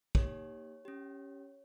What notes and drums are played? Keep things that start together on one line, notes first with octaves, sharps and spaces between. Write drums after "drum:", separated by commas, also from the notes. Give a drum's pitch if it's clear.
A#3 D#4 G4 C#5, drum: kick
C#4 G4